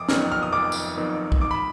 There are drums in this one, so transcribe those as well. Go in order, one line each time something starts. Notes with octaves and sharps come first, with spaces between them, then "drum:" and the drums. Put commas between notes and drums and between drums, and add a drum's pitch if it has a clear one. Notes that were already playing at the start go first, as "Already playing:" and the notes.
Already playing: F1 D6 D#6
F2 D#3 F#3 B3 F6, drum: snare
F6
D#6
F1 D6
drum: tambourine
F2 D#3 F#3 B3
drum: kick
G#2 D6
B5